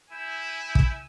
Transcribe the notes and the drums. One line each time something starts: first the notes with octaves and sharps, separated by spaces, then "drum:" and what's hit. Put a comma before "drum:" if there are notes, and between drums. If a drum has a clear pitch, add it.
E4 G#5 E6 G6
drum: kick